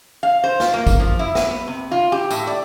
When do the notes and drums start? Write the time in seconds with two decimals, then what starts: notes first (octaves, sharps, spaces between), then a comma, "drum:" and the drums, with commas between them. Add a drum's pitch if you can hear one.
0.23 F5
0.44 C5
0.60 F4, drum: snare
0.73 A#3
0.87 drum: kick G#1, tambourine
1.00 F3
1.19 E4
1.35 B3, drum: snare
1.68 C3
1.91 F4
2.12 G4
2.30 A2, drum: tambourine
2.47 D5